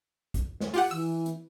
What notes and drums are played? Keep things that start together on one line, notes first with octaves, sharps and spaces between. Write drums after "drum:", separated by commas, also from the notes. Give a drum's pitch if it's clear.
drum: kick, hi-hat
drum: snare
F4 G4 F#5, drum: open hi-hat
E3 E6
drum: hi-hat